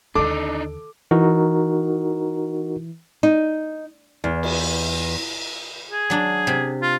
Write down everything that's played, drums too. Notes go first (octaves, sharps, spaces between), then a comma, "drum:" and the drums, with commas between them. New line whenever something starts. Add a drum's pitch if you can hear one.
D#2 D3 D4 D#4 A4 D6
E3 D#4 F#4 A#4
D#4
E2
drum: cymbal
G#4
F#3 D4
C3
F4